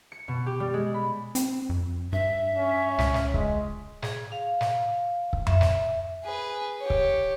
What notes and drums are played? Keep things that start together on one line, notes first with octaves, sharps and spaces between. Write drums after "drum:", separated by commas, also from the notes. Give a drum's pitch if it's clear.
C#7
B2
G4
G3
G#3
B5
C4, drum: hi-hat
F2
G2 E5
C#4
C#2, drum: snare
drum: snare
G#3, drum: kick C#1
G#4, drum: snare
F5
drum: snare
drum: kick C#1
E5, drum: tom F2
drum: snare
G#4 B4
G4 C#5
drum: kick C#1